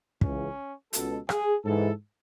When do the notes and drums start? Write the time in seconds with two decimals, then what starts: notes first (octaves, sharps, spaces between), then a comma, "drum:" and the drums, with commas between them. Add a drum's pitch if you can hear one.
0.21 C#2 C#3 E3 C#4, drum: kick
0.93 C#2 B2 A4, drum: hi-hat
1.29 G#4, drum: rim click
1.64 G#2 E3 A4